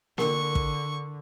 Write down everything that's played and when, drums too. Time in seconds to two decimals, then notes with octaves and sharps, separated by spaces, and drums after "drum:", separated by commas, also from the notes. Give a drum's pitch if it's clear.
0.18 D3 E4 A#4 G5 C#6, drum: snare A#3
0.55 drum: kick